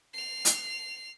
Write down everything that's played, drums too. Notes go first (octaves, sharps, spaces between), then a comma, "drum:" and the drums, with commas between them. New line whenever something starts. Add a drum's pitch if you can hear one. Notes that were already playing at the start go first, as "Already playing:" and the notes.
C7 F7
drum: hi-hat